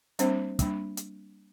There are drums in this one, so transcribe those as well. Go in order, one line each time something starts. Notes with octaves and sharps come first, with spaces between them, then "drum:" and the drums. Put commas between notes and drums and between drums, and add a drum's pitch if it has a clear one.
G3 A#3 C4 D4 C5, drum: hi-hat
G3 A#3 D4, drum: kick, hi-hat
drum: hi-hat